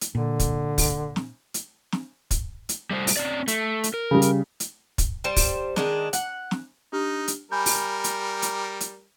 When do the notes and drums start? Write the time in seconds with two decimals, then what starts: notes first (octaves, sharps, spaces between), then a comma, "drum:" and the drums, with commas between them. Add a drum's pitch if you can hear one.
0.01 drum: hi-hat
0.15 A#2 D3
0.40 drum: kick, hi-hat
0.78 drum: kick, open hi-hat
1.16 drum: snare
1.54 drum: hi-hat
1.92 drum: snare
2.31 drum: kick, hi-hat
2.69 drum: hi-hat
2.91 G3 A3 C5
3.07 drum: open hi-hat
3.17 C4 C#4 D5
3.48 A3, drum: hi-hat
3.84 drum: hi-hat
3.94 A#4
4.11 C#3 G3
4.22 drum: hi-hat
4.60 drum: hi-hat
4.98 drum: kick, hi-hat
5.24 G3 C5 A5
5.36 drum: kick, open hi-hat
5.76 D#3 G#3 D4, drum: snare
6.13 F#5, drum: hi-hat
6.51 drum: snare
6.93 D4 D#4 G4 F6
7.28 drum: hi-hat
7.52 G3 A#4 G#5 B5 G6
7.66 drum: open hi-hat
8.04 drum: hi-hat
8.42 drum: hi-hat
8.80 drum: hi-hat